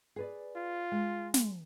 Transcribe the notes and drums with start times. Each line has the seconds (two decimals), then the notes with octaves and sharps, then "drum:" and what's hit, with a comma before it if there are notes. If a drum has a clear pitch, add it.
0.16 G#4 B4 D5
0.56 F4
0.92 G#3
1.34 drum: snare